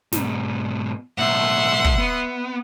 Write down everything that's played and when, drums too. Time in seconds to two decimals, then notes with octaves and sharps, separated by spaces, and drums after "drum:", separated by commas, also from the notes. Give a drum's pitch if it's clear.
0.12 G#2 B2, drum: snare
1.18 B1 A2 E5 F#5 C6
1.84 drum: kick
1.98 B3